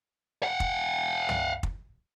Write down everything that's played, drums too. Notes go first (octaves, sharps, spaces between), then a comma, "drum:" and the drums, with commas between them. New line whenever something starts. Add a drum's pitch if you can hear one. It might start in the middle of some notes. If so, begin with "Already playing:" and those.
F5 F#5
drum: kick
drum: tom
drum: kick